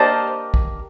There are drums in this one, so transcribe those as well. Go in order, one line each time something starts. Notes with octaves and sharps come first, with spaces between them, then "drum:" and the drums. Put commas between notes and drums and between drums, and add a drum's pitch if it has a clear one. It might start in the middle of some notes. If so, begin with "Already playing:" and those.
Already playing: A#3 D4 G4 A#4 C5 D5 D#5
drum: kick